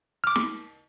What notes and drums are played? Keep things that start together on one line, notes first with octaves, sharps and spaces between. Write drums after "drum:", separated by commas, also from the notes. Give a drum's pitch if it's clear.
D6 F6
drum: snare